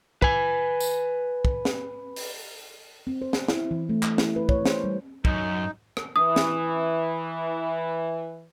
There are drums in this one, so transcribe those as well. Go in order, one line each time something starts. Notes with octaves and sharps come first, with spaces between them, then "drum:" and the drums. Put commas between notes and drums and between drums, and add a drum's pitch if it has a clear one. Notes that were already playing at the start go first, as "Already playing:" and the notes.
B4 G#5, drum: kick
drum: tambourine
drum: kick
drum: snare
drum: open hi-hat
C4
C5
drum: snare
E4, drum: snare
E3
A3
A3, drum: clap
E4, drum: snare
B4
C#5, drum: kick
C5, drum: snare
G3
F#2 D#4, drum: kick
drum: rim click
E3 D#6
drum: snare